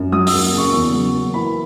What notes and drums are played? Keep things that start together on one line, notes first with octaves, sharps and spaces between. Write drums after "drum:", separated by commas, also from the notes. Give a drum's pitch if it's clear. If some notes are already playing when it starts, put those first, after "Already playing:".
Already playing: F#2
F#3 D#6
E6, drum: open hi-hat
A#3
C#3 C#6
E2 C#6
F#3
A#3
E3 B5